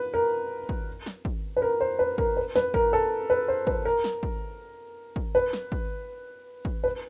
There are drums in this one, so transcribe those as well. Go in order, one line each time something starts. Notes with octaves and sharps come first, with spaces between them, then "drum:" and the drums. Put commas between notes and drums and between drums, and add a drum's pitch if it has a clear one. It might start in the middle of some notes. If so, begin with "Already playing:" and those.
Already playing: B4
A#4
drum: kick
drum: snare
drum: kick
B4
A#4
C5
B4
A#4, drum: kick
B4
B4, drum: snare
A#4, drum: kick
A4
B4
C5
B4, drum: kick
A#4
drum: snare
drum: kick
drum: kick
B4
drum: snare
drum: kick
drum: kick
B4